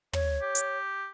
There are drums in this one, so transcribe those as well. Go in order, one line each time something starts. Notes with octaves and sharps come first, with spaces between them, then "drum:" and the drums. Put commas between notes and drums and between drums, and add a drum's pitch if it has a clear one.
C#5, drum: tom
G4
drum: hi-hat